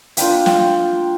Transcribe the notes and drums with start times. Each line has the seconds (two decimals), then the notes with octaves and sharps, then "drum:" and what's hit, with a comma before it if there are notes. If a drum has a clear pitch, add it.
0.17 A#3 D4 F4 G5, drum: hi-hat
0.46 G5, drum: snare